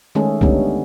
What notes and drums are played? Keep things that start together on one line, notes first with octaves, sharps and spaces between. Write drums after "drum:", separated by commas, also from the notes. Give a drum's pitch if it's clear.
D#3 G#3 A3 C#4 G#4 A4
D3 G3 A3 B3 C#4 D#4, drum: kick B1